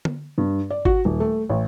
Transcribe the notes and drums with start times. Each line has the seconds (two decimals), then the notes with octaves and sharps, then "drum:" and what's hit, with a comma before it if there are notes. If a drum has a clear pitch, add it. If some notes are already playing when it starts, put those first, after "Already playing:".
0.05 drum: tom D3
0.38 G2
0.70 D5
0.85 F#4, drum: kick G#1
1.05 D#1
1.20 A3
1.49 A1